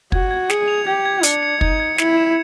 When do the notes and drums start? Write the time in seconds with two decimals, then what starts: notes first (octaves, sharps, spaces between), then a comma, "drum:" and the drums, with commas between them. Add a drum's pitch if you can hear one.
0.12 F#4 G#6, drum: kick
0.31 G#6
0.50 G#4 C#7, drum: snare
0.68 F7
0.87 G4 G#6
1.06 G#6
1.23 D4 C#7, drum: hi-hat
1.43 C#7
1.61 D#4 G#6, drum: kick
1.80 G#6
1.98 E4 G#6, drum: snare
2.17 E7